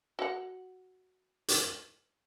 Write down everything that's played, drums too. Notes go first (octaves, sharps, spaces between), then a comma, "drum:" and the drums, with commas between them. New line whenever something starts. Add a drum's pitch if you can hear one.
F#4 F#5
drum: hi-hat